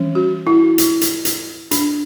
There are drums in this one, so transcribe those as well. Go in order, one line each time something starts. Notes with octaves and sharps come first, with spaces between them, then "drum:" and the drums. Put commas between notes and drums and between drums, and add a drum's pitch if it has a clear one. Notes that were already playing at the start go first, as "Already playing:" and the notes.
Already playing: E3 G3 C#4
F#4
E4
drum: hi-hat
drum: hi-hat
drum: hi-hat
D4, drum: hi-hat